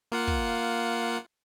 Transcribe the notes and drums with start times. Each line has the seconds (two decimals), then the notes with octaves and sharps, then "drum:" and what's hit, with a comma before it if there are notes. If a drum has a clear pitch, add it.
0.12 A#3 F4 F#5
0.27 drum: kick